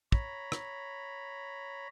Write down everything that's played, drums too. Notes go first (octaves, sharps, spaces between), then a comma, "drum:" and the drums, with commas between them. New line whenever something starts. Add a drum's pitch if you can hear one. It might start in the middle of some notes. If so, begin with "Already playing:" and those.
C#5 A#5 B5, drum: kick
drum: rim click